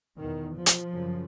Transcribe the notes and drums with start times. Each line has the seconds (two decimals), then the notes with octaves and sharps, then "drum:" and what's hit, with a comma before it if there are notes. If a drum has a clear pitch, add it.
0.18 E2 B2 D#3
0.56 F3
0.66 drum: hi-hat
0.93 F#2 C#3